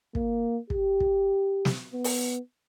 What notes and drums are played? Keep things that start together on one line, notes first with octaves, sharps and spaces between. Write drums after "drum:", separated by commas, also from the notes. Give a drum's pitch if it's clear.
A#3, drum: kick
G4, drum: kick
drum: kick
drum: snare
B3
drum: open hi-hat